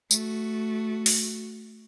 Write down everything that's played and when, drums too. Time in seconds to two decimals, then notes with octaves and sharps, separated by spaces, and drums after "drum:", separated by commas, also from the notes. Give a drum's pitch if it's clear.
0.11 A3 F#4, drum: tambourine
1.06 drum: open hi-hat